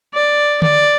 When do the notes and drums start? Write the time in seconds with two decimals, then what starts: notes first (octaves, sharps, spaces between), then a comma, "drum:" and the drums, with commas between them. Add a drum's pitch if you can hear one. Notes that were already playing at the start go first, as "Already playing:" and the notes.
0.14 D5
0.62 D5, drum: tom D3